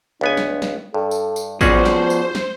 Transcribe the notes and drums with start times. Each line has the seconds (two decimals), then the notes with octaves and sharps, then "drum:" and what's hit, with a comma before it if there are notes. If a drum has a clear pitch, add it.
0.21 C#2 B3 D4 G#5
0.37 drum: snare
0.62 drum: snare
0.94 G2 A4
1.11 drum: tambourine
1.36 drum: tambourine
1.61 F3 B3 C#4 F#4 G#4 C5 D5, drum: kick A1, tambourine
1.85 drum: snare
2.10 drum: tambourine
2.35 drum: snare